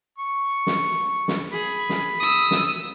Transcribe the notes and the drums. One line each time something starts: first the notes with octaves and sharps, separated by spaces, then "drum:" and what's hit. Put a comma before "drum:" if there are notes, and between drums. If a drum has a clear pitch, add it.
C#6
drum: snare
drum: snare
G#4 B5
drum: snare
D#6 E6
drum: snare